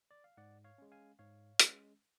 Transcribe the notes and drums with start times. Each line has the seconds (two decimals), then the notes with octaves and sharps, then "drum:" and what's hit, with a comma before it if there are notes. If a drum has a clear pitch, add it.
0.11 D5
0.24 F5
0.37 G#2 D5 F#5
0.64 C#5 F5
0.78 G#3 C#4
0.92 F5 G#5
1.19 G#2 C#5 F5
1.60 G#3 C#4, drum: hi-hat